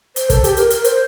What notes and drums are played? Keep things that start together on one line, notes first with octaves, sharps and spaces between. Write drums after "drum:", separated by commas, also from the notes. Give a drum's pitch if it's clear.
C5, drum: hi-hat
A4, drum: kick, hi-hat
G4, drum: hi-hat
A#4, drum: hi-hat
A#4, drum: hi-hat
C5, drum: hi-hat